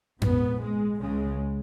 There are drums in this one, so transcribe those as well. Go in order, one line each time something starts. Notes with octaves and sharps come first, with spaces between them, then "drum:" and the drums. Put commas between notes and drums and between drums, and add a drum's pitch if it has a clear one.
A#1 G#2 B3, drum: tom F2
G#3
C#2 C#3 G#3